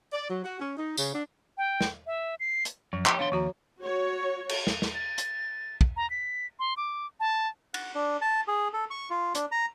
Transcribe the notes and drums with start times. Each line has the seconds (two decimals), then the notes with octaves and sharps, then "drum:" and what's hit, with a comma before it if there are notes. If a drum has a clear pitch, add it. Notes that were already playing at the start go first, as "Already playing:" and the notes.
0.12 D5
0.28 F#3
0.44 F#4
0.59 C#4
0.76 D#4
0.97 C#3, drum: tambourine
1.12 D4
1.58 G5
1.81 drum: snare
2.07 E5
2.40 C7
2.65 drum: hi-hat
2.93 F#2 F3
3.06 D#4 G4 C#5 C#6, drum: clap
3.19 D#3 B3 D4 F5 C6
3.32 D#2 F3 F#4 A#5
3.79 F#4 C#5
4.49 drum: cymbal
4.67 drum: snare
4.82 drum: snare
4.95 A6
5.18 drum: hi-hat
5.81 drum: kick
5.97 A#5
6.10 B6
6.59 C6
6.77 D6
7.20 A5
7.74 F#5, drum: cymbal
7.95 D4
8.21 A5
8.48 G#4
8.73 A4
8.91 C#6
9.10 F4
9.35 D4, drum: hi-hat
9.52 A#5